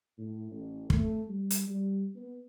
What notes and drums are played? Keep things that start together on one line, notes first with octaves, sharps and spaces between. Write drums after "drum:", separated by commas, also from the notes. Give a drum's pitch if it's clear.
A2
A1
A3, drum: kick
G3
drum: hi-hat
G3
B3